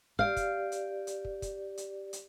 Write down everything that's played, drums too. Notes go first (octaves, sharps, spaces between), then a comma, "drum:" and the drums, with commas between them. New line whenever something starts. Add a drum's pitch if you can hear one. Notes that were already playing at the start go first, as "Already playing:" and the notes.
G4 D5 F5, drum: kick
drum: kick, hi-hat
drum: hi-hat
drum: hi-hat
drum: kick
drum: kick, hi-hat
drum: hi-hat
drum: hi-hat